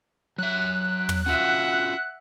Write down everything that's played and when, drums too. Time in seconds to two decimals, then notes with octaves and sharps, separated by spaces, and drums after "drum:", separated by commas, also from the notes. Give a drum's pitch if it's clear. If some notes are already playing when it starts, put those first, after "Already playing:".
0.38 F#3 E5 F#6
1.09 drum: tom
1.26 C#4 F4 F#4 E5 F#5